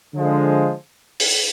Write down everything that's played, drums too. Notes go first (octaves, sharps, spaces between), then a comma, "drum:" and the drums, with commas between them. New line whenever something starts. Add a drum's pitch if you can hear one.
D3 F3 G#3
drum: open hi-hat